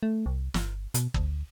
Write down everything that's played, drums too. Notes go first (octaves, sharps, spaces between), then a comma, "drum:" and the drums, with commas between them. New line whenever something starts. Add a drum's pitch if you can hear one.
A3
C2
G1, drum: snare
B2, drum: hi-hat
D2, drum: kick G1